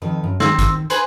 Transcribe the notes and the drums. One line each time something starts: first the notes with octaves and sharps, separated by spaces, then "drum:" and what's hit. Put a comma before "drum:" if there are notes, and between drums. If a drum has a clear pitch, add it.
F2 D#3 B4
F#2
D#3 C4, drum: snare
drum: kick, hi-hat
G#4 B4 C5, drum: hi-hat